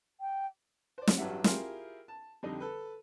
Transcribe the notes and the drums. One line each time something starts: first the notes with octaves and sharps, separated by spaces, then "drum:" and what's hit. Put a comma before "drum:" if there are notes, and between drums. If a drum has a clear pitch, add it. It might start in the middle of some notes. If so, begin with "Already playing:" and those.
G5
C5 D5
drum: snare
A1 G2 F#3 G3 E5 F#5
E4 F4 G4 G#4 A#4 C6, drum: snare
A5
F2 D3 G3 D#4
A4 B4